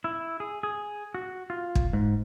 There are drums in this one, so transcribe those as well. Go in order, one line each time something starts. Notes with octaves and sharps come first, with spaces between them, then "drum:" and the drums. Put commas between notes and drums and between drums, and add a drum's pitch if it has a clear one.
E4
G#4
G#4
F#4
F4
drum: kick
G#2